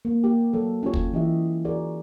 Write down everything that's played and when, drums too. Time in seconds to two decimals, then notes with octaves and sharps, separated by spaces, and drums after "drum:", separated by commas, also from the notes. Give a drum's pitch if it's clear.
0.05 A#3
0.24 A#3 G4
0.53 F#3 A4
0.83 C#4 F4 G4 C#5
0.94 drum: kick
1.13 E3 C#4 G4 D#5 E5
1.65 F#4 G#4 A#4 D5